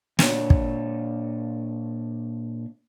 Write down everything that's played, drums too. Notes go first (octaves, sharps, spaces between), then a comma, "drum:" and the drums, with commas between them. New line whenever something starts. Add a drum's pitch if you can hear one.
A#2 D4 C#5, drum: snare
drum: kick